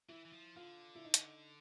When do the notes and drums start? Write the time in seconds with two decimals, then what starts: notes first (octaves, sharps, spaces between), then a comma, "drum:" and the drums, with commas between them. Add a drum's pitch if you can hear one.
0.09 E3 E4
0.25 E3
0.33 F3
0.56 D3 F4
0.95 E4
1.05 D#4
1.14 drum: hi-hat